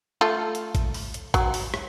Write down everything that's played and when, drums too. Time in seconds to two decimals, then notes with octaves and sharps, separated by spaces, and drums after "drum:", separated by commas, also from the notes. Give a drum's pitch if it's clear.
0.21 A3 F4 A4
0.55 drum: hi-hat
0.75 drum: kick A1, hi-hat
0.94 drum: open hi-hat
1.14 drum: hi-hat
1.34 F#3, drum: kick A1, hi-hat
1.54 drum: open hi-hat
1.74 drum: rim click